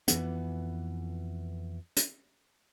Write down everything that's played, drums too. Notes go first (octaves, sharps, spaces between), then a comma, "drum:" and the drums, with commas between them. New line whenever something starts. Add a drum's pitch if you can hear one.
F2 E3 B3, drum: hi-hat
drum: hi-hat